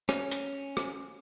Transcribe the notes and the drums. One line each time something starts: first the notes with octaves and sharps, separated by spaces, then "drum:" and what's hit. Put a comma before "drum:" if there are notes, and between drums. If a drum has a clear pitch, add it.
C#4, drum: rim click
drum: hi-hat
drum: rim click